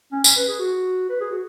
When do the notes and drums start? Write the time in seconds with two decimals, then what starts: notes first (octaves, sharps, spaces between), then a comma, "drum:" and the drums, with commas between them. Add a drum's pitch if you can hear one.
0.12 C#4
0.24 C#4, drum: tambourine
0.36 B4
0.48 G#4
0.60 F#4
1.09 B4
1.21 G#4
1.31 F#4